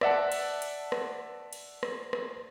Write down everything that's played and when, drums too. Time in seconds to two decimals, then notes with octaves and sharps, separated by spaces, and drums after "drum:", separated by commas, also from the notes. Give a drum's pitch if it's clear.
0.01 D5 E5 F#5 A5, drum: rim click
0.32 drum: cymbal
0.62 drum: cymbal
0.92 drum: rim click
1.53 drum: cymbal
1.83 drum: rim click
2.13 drum: rim click